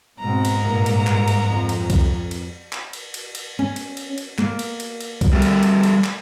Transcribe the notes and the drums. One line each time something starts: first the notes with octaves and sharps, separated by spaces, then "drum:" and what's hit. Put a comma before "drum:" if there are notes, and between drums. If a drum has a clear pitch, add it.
G#2 B2 C4 A#5
drum: cymbal
G2 A#2 A#3
drum: cymbal
drum: clap
drum: cymbal
F2
drum: cymbal
drum: kick C2, cymbal
drum: cymbal
drum: clap
drum: cymbal
drum: cymbal
drum: cymbal
C#4
drum: cymbal
drum: cymbal
drum: cymbal
A#3, drum: clap
drum: cymbal
drum: cymbal
drum: cymbal
drum: kick C2, cymbal
G3 A3 A4
drum: cymbal
drum: cymbal
drum: cymbal
drum: clap